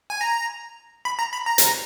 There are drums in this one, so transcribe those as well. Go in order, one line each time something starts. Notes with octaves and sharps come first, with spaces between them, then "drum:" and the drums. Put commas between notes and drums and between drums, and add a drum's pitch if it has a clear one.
G#5
A#5
B5
A#5
B5
A#5
drum: hi-hat